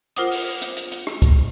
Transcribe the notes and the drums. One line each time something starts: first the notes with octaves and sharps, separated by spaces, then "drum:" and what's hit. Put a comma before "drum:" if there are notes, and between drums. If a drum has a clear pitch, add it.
F4 A#4 C5 F#5 D6 D#6, drum: hi-hat
drum: open hi-hat
drum: hi-hat
drum: hi-hat
drum: hi-hat
drum: rim click
drum: kick C#2, hi-hat